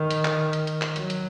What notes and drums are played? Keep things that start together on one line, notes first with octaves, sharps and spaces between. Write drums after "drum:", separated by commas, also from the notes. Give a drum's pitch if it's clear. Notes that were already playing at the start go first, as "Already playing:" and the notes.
Already playing: D#3
drum: hi-hat
drum: clap
drum: hi-hat
drum: hi-hat
drum: clap
F#3, drum: hi-hat
drum: hi-hat